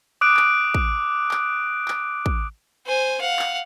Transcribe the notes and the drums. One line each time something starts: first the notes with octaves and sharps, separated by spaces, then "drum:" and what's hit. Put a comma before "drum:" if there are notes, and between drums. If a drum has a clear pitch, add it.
D6 D#6 F#6 D7
drum: clap
drum: kick
drum: clap
drum: clap
drum: kick
C5 G#5
F5 F#5
drum: clap